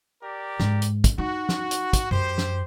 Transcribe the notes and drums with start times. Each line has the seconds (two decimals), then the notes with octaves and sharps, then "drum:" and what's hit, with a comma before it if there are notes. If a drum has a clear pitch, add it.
0.22 G4 A#4 D5
0.60 G#2, drum: snare
0.82 drum: hi-hat
1.04 drum: kick, hi-hat
1.18 D#4 F#4
1.49 drum: snare
1.71 drum: hi-hat
1.93 drum: kick, hi-hat
2.11 F#2 G4 C5
2.38 drum: snare